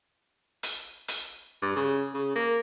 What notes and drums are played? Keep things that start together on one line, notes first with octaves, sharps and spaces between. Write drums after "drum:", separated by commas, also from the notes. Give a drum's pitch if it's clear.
drum: hi-hat
drum: hi-hat
G2
C#3
C#3
A#3